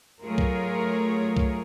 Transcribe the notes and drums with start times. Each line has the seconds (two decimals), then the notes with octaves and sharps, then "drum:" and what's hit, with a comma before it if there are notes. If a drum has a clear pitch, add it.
0.22 F#3 A3 F4 G#4 A#4 C#5
0.38 drum: kick
1.37 drum: kick